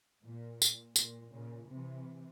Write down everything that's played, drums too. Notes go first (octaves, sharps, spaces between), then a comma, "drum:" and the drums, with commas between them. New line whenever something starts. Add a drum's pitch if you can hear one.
A#2
drum: tambourine
A#2, drum: tambourine
A#2 C#3
C3 E3